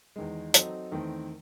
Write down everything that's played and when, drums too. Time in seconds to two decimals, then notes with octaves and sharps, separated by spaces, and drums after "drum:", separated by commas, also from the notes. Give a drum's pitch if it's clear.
0.16 E2 D#3 G#3
0.54 F#3 C4 D#4 A4, drum: hi-hat
0.91 E2 D#3 A3 C4